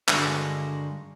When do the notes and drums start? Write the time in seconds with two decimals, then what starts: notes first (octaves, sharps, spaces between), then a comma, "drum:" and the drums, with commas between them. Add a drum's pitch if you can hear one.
0.08 G2 D3 D#3 G#3 D#4 F#4, drum: clap